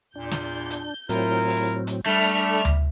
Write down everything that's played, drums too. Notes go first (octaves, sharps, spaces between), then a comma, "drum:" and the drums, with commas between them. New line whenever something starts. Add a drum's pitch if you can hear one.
E2 A#2 D4 G6
drum: snare
drum: hi-hat
A2 F#3 C4 E4 F4 A#4, drum: hi-hat
drum: open hi-hat
drum: hi-hat
G3 A3 D4 A4 E5 B5 F6
drum: hi-hat
drum: tom D2